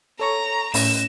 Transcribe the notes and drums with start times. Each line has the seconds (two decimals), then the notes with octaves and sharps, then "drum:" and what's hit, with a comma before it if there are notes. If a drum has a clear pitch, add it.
0.19 A4 C#5 A#5 C#6
0.74 A2 C#4 A#6 E7, drum: open hi-hat